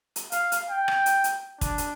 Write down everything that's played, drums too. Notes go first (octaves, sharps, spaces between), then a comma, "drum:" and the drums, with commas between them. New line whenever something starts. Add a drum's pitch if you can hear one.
drum: hi-hat
F5, drum: hi-hat
drum: hi-hat
G5
drum: rim click
drum: hi-hat
drum: hi-hat
D4, drum: kick, hi-hat
drum: hi-hat